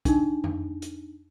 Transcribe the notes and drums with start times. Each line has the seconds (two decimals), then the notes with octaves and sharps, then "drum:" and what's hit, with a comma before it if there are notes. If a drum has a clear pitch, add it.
0.05 D4 D#4, drum: kick, hi-hat
0.44 drum: tom F2
0.82 drum: hi-hat